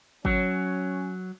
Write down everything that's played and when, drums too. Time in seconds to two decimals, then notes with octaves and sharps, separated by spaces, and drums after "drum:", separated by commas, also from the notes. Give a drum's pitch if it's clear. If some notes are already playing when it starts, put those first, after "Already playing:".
0.25 F#3 C#4, drum: kick